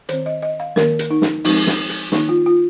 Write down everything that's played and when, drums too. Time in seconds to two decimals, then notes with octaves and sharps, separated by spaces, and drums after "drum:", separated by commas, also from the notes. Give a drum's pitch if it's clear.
0.09 D#3 C4 C5, drum: hi-hat
0.26 D#5
0.42 D#5
0.60 F5
0.76 D#3 A#3 A#4, drum: snare
0.99 drum: hi-hat
1.11 D#4
1.22 drum: snare
1.45 F3 G#3 C4 D#4, drum: open hi-hat
1.67 drum: snare
1.90 drum: hi-hat
2.12 D#3 A#3 D#4, drum: snare
2.29 F4
2.46 F4